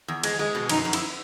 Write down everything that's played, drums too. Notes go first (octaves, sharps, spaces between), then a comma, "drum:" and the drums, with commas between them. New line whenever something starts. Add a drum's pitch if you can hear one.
E2
G#3, drum: cymbal
G#3
B2
F#2 D#4, drum: cymbal
F#2
E4, drum: cymbal